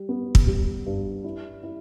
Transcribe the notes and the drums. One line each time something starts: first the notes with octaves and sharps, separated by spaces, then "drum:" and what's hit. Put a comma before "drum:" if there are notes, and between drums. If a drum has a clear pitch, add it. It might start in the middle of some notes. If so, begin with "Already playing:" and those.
Already playing: G3
B3
drum: kick
G3
G2
E4
E4